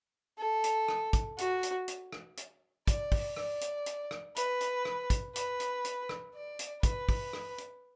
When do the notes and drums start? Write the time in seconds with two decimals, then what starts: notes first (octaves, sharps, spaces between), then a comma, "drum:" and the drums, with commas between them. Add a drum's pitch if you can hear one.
0.38 A4
0.64 drum: hi-hat
0.88 drum: rim click
1.13 drum: kick, hi-hat
1.38 F#4, drum: hi-hat
1.63 drum: hi-hat
1.88 drum: hi-hat
2.13 drum: rim click
2.37 drum: hi-hat
2.87 D5, drum: kick, hi-hat
3.12 drum: kick, open hi-hat
3.37 D5, drum: rim click
3.61 drum: hi-hat
3.86 drum: hi-hat
4.11 drum: rim click
4.36 B4, drum: hi-hat
4.61 drum: hi-hat
4.85 drum: rim click
5.10 drum: kick, hi-hat
5.36 B4, drum: hi-hat
5.60 drum: hi-hat
5.85 drum: hi-hat
6.09 drum: rim click
6.35 D5
6.59 drum: hi-hat
6.83 B4, drum: kick, hi-hat
7.09 drum: kick, open hi-hat
7.33 drum: rim click
7.58 drum: hi-hat